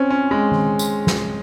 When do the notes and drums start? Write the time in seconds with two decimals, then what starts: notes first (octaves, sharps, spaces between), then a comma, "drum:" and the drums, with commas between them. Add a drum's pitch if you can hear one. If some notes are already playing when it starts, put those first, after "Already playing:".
Already playing: C4 C#4
0.10 C#4
0.31 G#3
0.52 drum: tom D#3
0.79 drum: tambourine
1.07 drum: snare